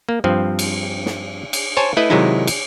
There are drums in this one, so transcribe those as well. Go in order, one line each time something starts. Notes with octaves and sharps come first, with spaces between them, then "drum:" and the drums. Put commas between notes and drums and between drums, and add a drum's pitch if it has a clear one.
A#3
G2 F3 C4
drum: cymbal
drum: snare
drum: cymbal
C5 C#5 G#5 A5
A3 E4 B4 D#5
C3 D#3 F#3 G#3 D#4 E4
drum: cymbal